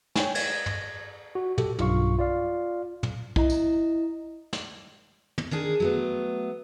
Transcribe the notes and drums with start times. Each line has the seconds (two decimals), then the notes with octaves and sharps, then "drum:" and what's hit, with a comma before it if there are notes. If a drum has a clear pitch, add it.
0.16 C#5 G5 G#5, drum: snare
0.35 G#6, drum: cymbal
0.66 drum: tom
1.35 F#4
1.58 G4 A4, drum: tom
1.79 B1 G2 F4 F5 C#6, drum: tom
2.18 F4 D5 F5
3.03 drum: tom
3.36 E4 D#5 A#5, drum: kick
3.50 drum: tambourine
4.53 drum: snare
5.38 drum: tom
5.51 D#3 D4 G#4
5.80 F#3 A3 B3